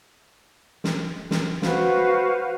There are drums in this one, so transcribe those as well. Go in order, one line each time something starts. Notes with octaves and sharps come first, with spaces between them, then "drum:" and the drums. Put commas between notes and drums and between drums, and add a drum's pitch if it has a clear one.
drum: snare
drum: snare
F#4 B4 C5 F5, drum: snare